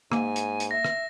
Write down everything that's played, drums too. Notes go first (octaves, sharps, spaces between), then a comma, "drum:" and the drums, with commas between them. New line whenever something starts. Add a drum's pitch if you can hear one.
G#2 A#3 G#5, drum: rim click
drum: hi-hat
drum: hi-hat
E5 A#6
drum: rim click